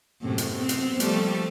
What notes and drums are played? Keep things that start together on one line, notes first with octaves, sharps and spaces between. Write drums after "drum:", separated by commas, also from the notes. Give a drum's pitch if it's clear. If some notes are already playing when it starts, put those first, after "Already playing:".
F#2 A2 C3
drum: hi-hat
B3 C4
drum: hi-hat
F3 G3 A3, drum: hi-hat